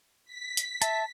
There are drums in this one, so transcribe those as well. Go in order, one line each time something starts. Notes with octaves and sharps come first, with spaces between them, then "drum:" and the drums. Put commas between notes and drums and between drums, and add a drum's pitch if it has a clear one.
B6
drum: hi-hat
E5 A5, drum: hi-hat